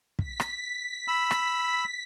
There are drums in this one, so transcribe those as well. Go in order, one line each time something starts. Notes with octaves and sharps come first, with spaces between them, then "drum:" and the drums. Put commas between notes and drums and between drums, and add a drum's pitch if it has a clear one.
B6, drum: kick
drum: rim click
B5 E6
drum: rim click